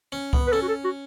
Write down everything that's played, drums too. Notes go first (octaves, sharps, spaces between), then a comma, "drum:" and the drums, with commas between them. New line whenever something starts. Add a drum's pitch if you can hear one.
C#4
B3, drum: kick C#2
B4
C#4 A4
F#4
A4
F#4